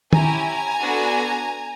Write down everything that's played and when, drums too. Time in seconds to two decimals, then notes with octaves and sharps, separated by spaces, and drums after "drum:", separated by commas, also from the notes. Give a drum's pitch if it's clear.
0.13 C#4 E4 G4 G#5 A#5, drum: tom
0.80 B3 D4 F#4 A4